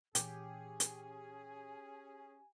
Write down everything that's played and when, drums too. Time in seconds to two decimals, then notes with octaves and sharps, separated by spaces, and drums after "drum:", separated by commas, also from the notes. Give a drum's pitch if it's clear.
0.15 A#2 E3 C#4 G4 G#4 G#5, drum: hi-hat
0.80 drum: hi-hat